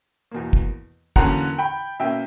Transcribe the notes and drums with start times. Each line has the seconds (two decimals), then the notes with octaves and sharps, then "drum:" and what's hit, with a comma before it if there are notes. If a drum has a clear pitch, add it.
0.31 E2 B2 A#3
0.53 drum: kick
1.16 E2 D3 F#3 A#3 C#4 F#5 A#5, drum: kick
1.58 G5 B5
2.00 B2 A#3 C#4 E5 G5